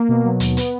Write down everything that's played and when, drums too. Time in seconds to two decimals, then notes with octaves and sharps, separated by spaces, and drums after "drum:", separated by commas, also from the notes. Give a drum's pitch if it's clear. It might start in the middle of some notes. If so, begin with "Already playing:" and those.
Already playing: A#3
0.09 B2
0.25 F#3
0.40 D#2, drum: hi-hat
0.57 B3, drum: hi-hat